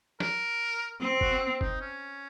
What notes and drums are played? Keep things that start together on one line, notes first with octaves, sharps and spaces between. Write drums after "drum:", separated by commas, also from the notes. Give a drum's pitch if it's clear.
A#4, drum: snare
C4
F#4, drum: kick F#1
D#4, drum: kick F#1
C#4